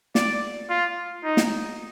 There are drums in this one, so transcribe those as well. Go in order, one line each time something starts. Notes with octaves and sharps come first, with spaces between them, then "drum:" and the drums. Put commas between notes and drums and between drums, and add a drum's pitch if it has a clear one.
D5, drum: snare
F4
D#4
drum: snare